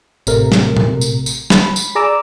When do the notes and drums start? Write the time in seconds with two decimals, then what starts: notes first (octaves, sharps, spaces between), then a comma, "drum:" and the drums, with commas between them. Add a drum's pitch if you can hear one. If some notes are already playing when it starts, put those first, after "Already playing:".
0.27 A1 C3 A3 A#4, drum: tambourine
0.52 drum: snare
0.77 drum: tom A#2
1.01 drum: tambourine
1.26 drum: tambourine
1.50 B5, drum: snare
1.76 drum: tambourine
1.95 G#4 D5 A#5 D6 E6